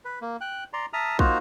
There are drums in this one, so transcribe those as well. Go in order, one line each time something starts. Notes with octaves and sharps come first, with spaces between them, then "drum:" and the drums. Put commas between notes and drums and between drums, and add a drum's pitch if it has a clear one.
B4
A#3
G5 F#6
D5 A#5 C6
E5 A5 A#5 D#6 F6
A#3 D#4 F4 F#4 C5 A#5, drum: kick